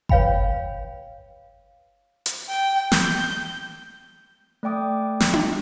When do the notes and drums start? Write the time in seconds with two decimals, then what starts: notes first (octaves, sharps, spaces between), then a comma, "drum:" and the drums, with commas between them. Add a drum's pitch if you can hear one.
0.09 B4 C#5 F5 G5 B5, drum: kick G1
2.26 drum: hi-hat
2.49 G5
2.92 G6, drum: snare
4.63 A3 D5 G5 D6 D#6
5.20 drum: snare
5.34 drum: tom D4